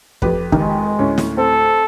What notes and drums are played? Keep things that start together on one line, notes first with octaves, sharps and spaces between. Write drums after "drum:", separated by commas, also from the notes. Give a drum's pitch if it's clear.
F2 G4 B4, drum: kick
D#3 G#3, drum: kick
D2 A2 C#4
drum: snare
C4 A4